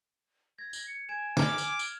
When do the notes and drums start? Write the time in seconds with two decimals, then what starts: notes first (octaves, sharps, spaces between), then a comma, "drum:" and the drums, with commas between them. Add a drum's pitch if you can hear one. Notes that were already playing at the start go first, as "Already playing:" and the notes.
0.59 G#6 A#6
0.73 drum: tambourine
0.88 C#7
1.09 G#5 G#6 D7 E7
1.37 D6 F6 F7, drum: snare
1.58 drum: tambourine
1.79 drum: tambourine